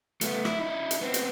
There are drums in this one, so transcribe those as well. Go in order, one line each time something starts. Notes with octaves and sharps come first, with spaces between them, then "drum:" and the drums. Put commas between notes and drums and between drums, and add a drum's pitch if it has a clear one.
A3 B3, drum: hi-hat
E4, drum: rim click
D#4 E4
drum: hi-hat
B3 C4
drum: hi-hat